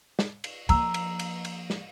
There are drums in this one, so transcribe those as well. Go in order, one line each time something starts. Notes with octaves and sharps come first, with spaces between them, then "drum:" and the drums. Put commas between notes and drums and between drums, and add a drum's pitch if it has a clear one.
drum: snare
drum: cymbal
F3 A#3 A#5 E6, drum: cymbal
drum: cymbal
drum: cymbal
drum: cymbal
drum: snare